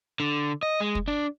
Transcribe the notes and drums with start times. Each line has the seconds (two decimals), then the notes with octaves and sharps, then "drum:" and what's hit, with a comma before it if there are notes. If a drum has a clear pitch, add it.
0.20 D3
0.63 D#5
0.81 G#3
0.95 drum: kick
1.08 D4